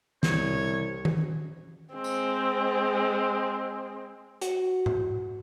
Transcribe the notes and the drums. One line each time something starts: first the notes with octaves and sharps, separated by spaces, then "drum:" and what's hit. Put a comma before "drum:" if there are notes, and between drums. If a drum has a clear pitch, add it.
C2 C#5, drum: snare
drum: tom D#3
G#3 C4
drum: tambourine
F#4, drum: hi-hat
drum: tom G#2